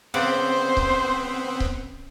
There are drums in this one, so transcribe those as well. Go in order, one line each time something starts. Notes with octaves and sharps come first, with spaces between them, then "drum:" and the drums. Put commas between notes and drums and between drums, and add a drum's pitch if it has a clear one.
C#3 B3 C4 C5 D5 F#5
drum: kick C#1
drum: kick C#1